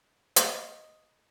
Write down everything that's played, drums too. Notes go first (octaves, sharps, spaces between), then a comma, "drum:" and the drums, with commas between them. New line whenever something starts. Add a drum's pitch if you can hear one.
D#5, drum: hi-hat